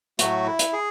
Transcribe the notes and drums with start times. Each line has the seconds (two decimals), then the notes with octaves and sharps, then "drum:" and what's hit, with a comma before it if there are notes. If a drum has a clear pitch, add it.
0.19 A2 F#3 A3 F#4, drum: hi-hat
0.46 E4
0.59 drum: hi-hat
0.73 G#4